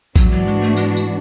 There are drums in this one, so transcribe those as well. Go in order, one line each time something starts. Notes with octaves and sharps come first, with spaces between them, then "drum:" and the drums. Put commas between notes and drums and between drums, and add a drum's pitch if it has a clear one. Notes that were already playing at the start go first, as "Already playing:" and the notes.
G#2 E3 F#3 B3 D4 F#4, drum: kick A#1, tambourine
F#3
G#3
A3
G#3, drum: tambourine
drum: tambourine